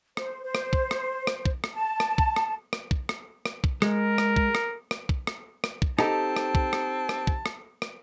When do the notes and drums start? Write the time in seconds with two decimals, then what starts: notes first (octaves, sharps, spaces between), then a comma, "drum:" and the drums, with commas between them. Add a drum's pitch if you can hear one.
0.17 C5, drum: rim click
0.44 C5
0.55 drum: rim click
0.73 drum: kick
0.91 drum: rim click
1.27 drum: rim click
1.46 drum: kick
1.64 drum: rim click
1.75 A5
2.00 drum: rim click
2.18 drum: kick
2.36 drum: rim click
2.73 drum: rim click
2.91 drum: kick
3.09 drum: rim click
3.46 drum: rim click
3.64 drum: kick
3.82 G#3 A#4, drum: rim click
4.18 drum: rim click
4.36 drum: kick
4.55 drum: rim click
4.91 drum: rim click
5.09 drum: kick
5.27 drum: rim click
5.64 drum: rim click
5.82 drum: kick
5.99 C4 D#4 G4 A4 A5, drum: rim click
6.36 drum: rim click
6.55 drum: kick
6.73 drum: rim click
7.09 drum: rim click
7.27 drum: kick
7.46 drum: rim click
7.82 drum: rim click